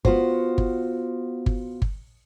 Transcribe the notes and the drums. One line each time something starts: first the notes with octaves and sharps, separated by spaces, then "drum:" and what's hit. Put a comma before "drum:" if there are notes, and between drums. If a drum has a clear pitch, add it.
B3 F4 F#4 C5, drum: kick G1
drum: kick G1
drum: kick G1
drum: kick G1